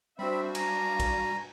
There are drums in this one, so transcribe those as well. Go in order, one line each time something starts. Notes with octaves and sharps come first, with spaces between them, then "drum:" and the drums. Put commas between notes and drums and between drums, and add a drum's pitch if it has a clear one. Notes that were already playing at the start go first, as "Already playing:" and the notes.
G3 C4 D4 F#4 C5 E5 B5
D4 F5 G#5 A#5, drum: cymbal
drum: kick, cymbal